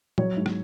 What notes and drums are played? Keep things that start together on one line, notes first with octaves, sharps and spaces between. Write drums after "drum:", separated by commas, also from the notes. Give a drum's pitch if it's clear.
F#3 C#5, drum: tom A#2
G#2
drum: rim click